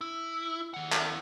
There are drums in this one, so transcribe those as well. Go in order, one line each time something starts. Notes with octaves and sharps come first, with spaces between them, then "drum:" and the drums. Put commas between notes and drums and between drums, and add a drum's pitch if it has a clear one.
E4
E4 F#5
drum: clap